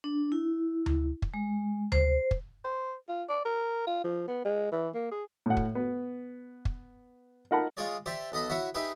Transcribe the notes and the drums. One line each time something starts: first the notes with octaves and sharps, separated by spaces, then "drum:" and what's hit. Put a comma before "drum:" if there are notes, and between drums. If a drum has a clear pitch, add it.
D4
E4
drum: tom D2
drum: kick
G#3
C5, drum: tom D2
drum: kick
C5
F4
D5
A#4
F4
F3
B3
G#3
E3
A#3
G#4
A2 F#5
drum: kick
B3
drum: kick
D#4 F4 A#4 F#5 A5 B5
G#3 F4 G#4 C#5 D5
G4 C5 D5 E5
B1 A4 D#5 B5
E4 F#4 C#5 E5 F#5
D#4 G4 G#4 B4 E5